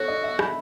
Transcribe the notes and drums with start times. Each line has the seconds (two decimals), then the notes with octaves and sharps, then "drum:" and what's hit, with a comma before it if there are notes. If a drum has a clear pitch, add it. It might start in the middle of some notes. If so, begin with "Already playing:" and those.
Already playing: F#4 A4 C#5
0.08 D#5
0.23 E5
0.39 B5, drum: rim click